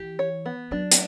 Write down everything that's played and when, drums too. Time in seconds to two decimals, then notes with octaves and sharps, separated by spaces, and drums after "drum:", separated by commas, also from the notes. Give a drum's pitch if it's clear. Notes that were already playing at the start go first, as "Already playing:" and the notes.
Already playing: E3 G4
0.19 C#5
0.46 B3
0.71 F#3 D4
0.92 drum: hi-hat